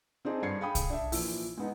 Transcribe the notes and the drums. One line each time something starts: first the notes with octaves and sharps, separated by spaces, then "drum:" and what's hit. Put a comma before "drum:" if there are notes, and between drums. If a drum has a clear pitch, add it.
C4 D4 D#4 G#4
G2 D4 G#6 C7 C#7
G#4 F5 G5 B5 D#6
drum: kick, hi-hat
D4 E5
A#2 E3 F3 E6, drum: open hi-hat
G#3 B3 D#4